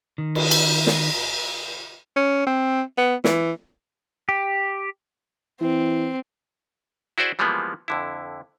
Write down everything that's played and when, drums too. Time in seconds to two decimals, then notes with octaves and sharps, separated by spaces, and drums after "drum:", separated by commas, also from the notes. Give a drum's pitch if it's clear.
0.18 D#3
0.35 drum: cymbal
0.51 drum: cymbal
0.87 drum: snare
2.16 C#4
2.47 C4
2.98 B3
3.24 E3, drum: snare
4.29 G4
5.61 E3 C4
7.18 E4 F#4 G#4 C5 D5 E5
7.39 E3 F3 G3 G#3 A#3 B3
7.88 F2 D3 E4